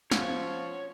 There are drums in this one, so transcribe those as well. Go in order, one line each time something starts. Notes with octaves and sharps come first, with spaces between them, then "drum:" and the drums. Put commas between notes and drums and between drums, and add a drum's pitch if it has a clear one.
F3 C#4 F4 F#4 C5 C#5, drum: snare